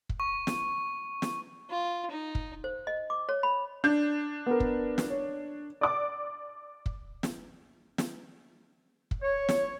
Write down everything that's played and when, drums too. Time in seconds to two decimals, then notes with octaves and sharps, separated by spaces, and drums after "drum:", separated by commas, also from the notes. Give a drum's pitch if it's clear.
0.09 drum: kick
0.20 C#6
0.47 drum: snare
1.22 drum: snare
1.70 F4
2.11 D#4
2.35 drum: kick
2.64 C5
2.87 D#5
3.10 D6
3.29 C#5
3.43 B5
3.84 D4 G6
4.46 B3 A#4
4.60 drum: kick
4.98 drum: snare
5.10 C#5
5.81 D5 D6
6.86 drum: kick
7.23 drum: snare
7.98 drum: snare
9.11 drum: kick
9.23 C#5
9.49 drum: snare